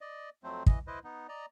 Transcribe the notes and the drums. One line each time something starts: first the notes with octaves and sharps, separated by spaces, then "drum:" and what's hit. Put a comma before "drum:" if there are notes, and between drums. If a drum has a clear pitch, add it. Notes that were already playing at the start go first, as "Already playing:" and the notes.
D5 D#5
F2 F#3 A3 C4 C5
E3 D#5, drum: kick
E4 B4 C5 D#5
B3 D#4
D5 D#5 A#5